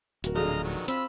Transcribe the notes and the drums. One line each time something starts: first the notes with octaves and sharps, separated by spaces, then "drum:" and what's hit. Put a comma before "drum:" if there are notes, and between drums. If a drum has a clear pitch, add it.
D1 F#4 A#4, drum: hi-hat
A#1 D3 F#4 G#4 A4 D#5 F5 A#5
D#3 F#3 B3
C4 F4 B5 E6, drum: hi-hat